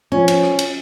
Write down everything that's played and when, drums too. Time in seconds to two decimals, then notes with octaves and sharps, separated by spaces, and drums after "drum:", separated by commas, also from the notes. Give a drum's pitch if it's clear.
0.12 F3 C#4
0.28 drum: cymbal
0.43 drum: rim click
0.59 drum: cymbal